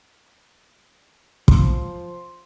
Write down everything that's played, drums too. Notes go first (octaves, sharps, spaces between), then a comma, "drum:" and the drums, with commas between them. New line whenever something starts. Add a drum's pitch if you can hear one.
F3 C6, drum: kick